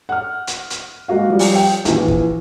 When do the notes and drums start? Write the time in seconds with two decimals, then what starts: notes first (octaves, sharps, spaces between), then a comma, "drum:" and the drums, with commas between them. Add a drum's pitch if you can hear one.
0.09 F#5 F6
0.47 drum: hi-hat
0.70 drum: hi-hat
1.08 G#3 A#3 F#4 F5
1.30 F3 G3
1.39 drum: open hi-hat
1.56 G5
1.85 A#1 E3, drum: hi-hat
2.08 drum: kick